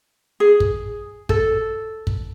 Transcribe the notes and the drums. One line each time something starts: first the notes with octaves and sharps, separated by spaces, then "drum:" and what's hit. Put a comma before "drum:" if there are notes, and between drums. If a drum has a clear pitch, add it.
G#4
drum: kick
A4, drum: kick
drum: kick